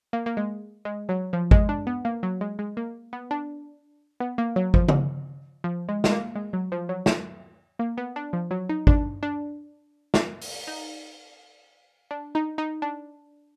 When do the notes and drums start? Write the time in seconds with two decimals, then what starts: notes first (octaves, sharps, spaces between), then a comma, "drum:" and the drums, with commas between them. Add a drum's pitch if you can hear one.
0.13 A#3
0.26 A#3
0.37 G#3
0.85 G#3
1.09 F#3
1.33 F3
1.51 G#3, drum: kick G#1
1.69 D4
1.87 B3
2.05 A#3
2.23 F#3
2.41 G#3
2.59 G#3
2.77 A#3
3.13 B3
3.31 D4
4.20 B3
4.38 A#3
4.56 F#3
4.74 F3, drum: kick G#1
4.88 drum: tom C#3
5.64 F3
5.89 G#3
6.04 G#3, drum: snare
6.12 A#3
6.36 G#3
6.53 F#3
6.72 F3
6.89 F#3
7.06 drum: snare
7.79 A#3
7.97 B3
8.16 D4
8.33 F3
8.51 F#3
8.69 D#4
8.87 D4, drum: kick G#1
9.23 D4
10.14 drum: snare
10.42 drum: open hi-hat
10.67 D#4
12.11 D4
12.35 D#4
12.58 D#4
12.82 D4